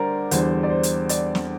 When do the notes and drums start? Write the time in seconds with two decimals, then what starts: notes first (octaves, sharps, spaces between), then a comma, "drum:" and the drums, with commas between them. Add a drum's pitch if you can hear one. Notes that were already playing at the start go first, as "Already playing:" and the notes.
Already playing: D2 D3 G3 A#4 C5 D5
0.31 E2 D3 G3 C5, drum: hi-hat
0.63 D5
0.70 C5
0.83 drum: hi-hat
1.09 D5, drum: hi-hat
1.35 drum: snare